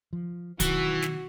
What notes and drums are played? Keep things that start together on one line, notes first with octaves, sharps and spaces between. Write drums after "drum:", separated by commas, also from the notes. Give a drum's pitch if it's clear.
F3
B2 D#3 E3 F#3 F#4, drum: kick D1, hi-hat
drum: snare